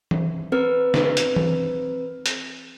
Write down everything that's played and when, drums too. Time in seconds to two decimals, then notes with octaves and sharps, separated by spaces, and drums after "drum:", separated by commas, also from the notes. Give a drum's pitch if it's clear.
0.11 drum: tom E3
0.52 C4 A#4 B4 F6
0.94 drum: snare
1.17 drum: hi-hat
1.36 drum: tom E3
2.26 drum: hi-hat